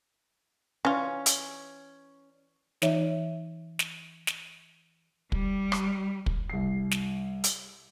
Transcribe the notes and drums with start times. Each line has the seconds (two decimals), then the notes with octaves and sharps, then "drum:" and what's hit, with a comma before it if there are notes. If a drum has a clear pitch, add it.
0.85 E3 C#4 F4
1.26 drum: hi-hat
2.82 E3 D#4 C#5 E5, drum: snare
3.79 drum: snare
4.27 drum: snare
5.32 G3, drum: kick
5.72 drum: rim click
6.26 drum: kick
6.50 C2 C7
6.91 drum: snare
7.44 drum: hi-hat